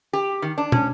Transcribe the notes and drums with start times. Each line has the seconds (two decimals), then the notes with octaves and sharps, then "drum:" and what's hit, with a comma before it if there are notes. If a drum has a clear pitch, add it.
0.13 G4
0.42 D#3
0.58 D4
0.72 C#4, drum: tom